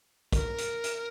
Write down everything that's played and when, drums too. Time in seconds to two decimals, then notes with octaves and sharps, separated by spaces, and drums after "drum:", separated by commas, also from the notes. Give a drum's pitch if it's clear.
0.33 A#4, drum: kick, hi-hat
0.58 drum: hi-hat
0.84 drum: hi-hat